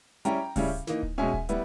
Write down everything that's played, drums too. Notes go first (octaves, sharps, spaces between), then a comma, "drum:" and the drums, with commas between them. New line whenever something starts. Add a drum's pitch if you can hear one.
G3 C#4 E4 G5 A#5, drum: hi-hat
C#3 G3 C#4 E4, drum: kick D1, open hi-hat
E3 A#3 D#4, drum: snare
drum: kick D1
B2 G#3 C#4 E5 G#5
drum: kick D1
G3 B3 E4, drum: hi-hat